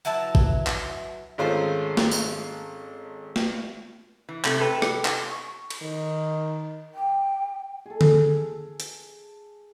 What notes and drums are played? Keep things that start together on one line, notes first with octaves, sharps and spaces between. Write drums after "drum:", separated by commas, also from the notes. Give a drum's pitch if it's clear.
F#3 E4 B4 A5
drum: kick A1
drum: clap
G#1 G#3 A3 C#4 F4 C5
drum: snare
drum: tambourine
drum: snare
E3
C3 A3, drum: clap
C3 A4 B4 G5
drum: rim click
drum: clap
C#6
drum: cymbal
D#3
G5
G#4 A4
drum: tom D3
drum: hi-hat